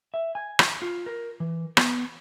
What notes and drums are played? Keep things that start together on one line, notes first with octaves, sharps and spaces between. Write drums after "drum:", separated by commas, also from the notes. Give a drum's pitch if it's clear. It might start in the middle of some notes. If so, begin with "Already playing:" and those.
E5
G#5
drum: rim click
F4
A#4
E3
B3, drum: rim click